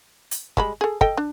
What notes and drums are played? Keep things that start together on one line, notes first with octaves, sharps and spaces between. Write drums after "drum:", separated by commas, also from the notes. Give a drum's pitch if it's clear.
drum: hi-hat
G3 G#3 B5, drum: kick
G#4 A4
A4 D#5 G5, drum: kick
D4